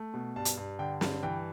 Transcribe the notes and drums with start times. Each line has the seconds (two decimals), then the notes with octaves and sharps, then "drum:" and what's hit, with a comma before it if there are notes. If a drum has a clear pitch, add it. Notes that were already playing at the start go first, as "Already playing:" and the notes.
Already playing: A3
0.14 B2
0.36 G2 A5
0.45 drum: hi-hat
0.57 G2
0.79 D3 G5
1.01 G2, drum: snare
1.23 E3 G5